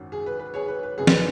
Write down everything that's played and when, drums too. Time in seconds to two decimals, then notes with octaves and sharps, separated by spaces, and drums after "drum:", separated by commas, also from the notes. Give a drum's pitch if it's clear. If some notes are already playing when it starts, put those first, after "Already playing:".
Already playing: G#1 F#2 C#4
0.12 G#4
0.26 B4
0.39 B4
0.54 G#4 C#5
0.68 B4
0.83 B4
0.98 F#1 F#2 C#3 G#4
1.07 B4, drum: snare